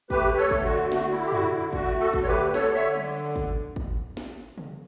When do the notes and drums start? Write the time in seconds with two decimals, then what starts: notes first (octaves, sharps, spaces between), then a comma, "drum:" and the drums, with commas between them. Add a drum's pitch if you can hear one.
0.10 A3 G4 B4, drum: kick
0.37 A4 C#5
0.51 D3, drum: kick
0.65 F#4
0.92 D3 F#4, drum: snare
1.12 E4
1.26 G4
1.32 E4 F#4, drum: tom
1.52 E4
1.73 A3 F#4, drum: kick
2.00 F#4 A4
2.13 D3, drum: kick
2.22 C#5
2.27 G4 B4
2.54 D3 A4 C#5, drum: snare
2.74 C#5 E5
2.95 drum: tom
3.36 drum: kick
3.76 drum: kick
4.17 drum: snare
4.58 drum: tom